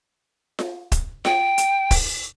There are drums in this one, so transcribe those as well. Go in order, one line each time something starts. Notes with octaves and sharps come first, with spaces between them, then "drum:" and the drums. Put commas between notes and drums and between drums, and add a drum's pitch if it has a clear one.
drum: snare F4
drum: kick, hi-hat
G5, drum: snare F4
drum: hi-hat
drum: kick, open hi-hat